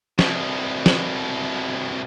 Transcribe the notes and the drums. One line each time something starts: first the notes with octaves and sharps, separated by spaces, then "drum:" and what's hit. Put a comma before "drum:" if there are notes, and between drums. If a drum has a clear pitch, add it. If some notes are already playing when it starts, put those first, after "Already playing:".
C2 B2, drum: snare
drum: snare